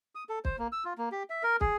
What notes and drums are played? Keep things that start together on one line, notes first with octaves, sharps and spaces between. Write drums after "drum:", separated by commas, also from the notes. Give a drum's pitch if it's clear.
D#6
A4
C5, drum: kick
A#3
E6
F4
A#3
G4
E5
A#4
G#4, drum: kick